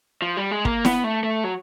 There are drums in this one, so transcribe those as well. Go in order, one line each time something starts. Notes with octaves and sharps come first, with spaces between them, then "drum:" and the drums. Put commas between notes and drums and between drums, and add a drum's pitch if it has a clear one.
F3
G3
G#3
A#3, drum: kick
B3, drum: snare E4
A3
A3
F#3